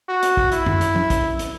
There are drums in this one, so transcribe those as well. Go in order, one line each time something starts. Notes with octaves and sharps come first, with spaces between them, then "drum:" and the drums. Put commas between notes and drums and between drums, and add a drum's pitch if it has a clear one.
F#4
drum: hi-hat
drum: kick
E4, drum: hi-hat
drum: tom F#2
drum: hi-hat
drum: tom F3
drum: kick, hi-hat
drum: hi-hat